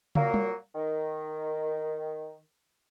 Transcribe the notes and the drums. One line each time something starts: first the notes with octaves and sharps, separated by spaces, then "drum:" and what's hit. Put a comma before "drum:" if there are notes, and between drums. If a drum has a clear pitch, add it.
A#2 F#3 A#3, drum: tom
drum: tom G3
D#3